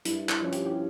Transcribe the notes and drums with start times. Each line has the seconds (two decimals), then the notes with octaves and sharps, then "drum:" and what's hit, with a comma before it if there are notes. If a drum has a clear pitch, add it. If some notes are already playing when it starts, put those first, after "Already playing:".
0.05 G2 E4, drum: hi-hat
0.29 drum: clap
0.41 F3 C#4
0.52 G4, drum: hi-hat
0.66 G4